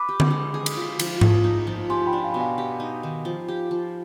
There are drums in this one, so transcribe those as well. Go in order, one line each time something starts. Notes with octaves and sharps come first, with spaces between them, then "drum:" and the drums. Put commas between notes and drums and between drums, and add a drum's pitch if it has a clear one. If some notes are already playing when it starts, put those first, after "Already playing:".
Already playing: B4 B5 D6
G4
drum: tom D3
G#3
G#4
drum: cymbal
F4
F3, drum: cymbal
G#4, drum: tom G#2
D#4
F3
G4 G#5 C6
G5 B5
D4
F5 G#5
B2 B5
F5 G#5
G4
D#4
D#3
F3
G4
F3